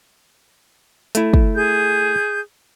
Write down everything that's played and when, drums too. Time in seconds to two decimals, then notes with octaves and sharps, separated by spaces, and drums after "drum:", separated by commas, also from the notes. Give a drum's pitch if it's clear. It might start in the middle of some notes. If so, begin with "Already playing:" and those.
1.15 A3 E4, drum: hi-hat
1.34 drum: kick
1.55 G#4 G6